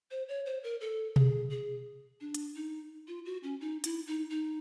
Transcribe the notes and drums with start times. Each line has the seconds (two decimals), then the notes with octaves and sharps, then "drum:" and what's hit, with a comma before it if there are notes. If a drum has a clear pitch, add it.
0.11 C5
0.29 C#5
0.46 C5
0.64 A#4
0.81 A4
1.16 G#4, drum: tom B2
1.51 G#4
2.21 D4
2.34 drum: hi-hat
2.56 D#4
3.08 F4
3.26 F#4
3.43 C#4
3.61 D#4
3.84 E4, drum: hi-hat
4.07 D#4
4.30 D#4